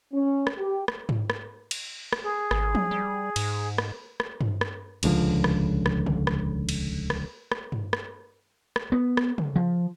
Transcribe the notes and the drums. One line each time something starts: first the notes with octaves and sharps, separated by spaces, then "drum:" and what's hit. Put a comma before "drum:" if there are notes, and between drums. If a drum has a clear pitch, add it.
C#4
drum: rim click
G4
drum: rim click
drum: tom G#2
drum: rim click
drum: cymbal
drum: rim click
G#4
G#1, drum: rim click
drum: tom F3
G3
G#2, drum: cymbal
drum: rim click
drum: rim click
drum: tom G2
drum: rim click
D#1 C#2 D3 F3, drum: cymbal
drum: rim click
drum: rim click
drum: tom C#3
drum: rim click
drum: cymbal
drum: rim click
drum: rim click
drum: tom G2
drum: rim click
drum: rim click
B3
drum: rim click
drum: tom C#3
F3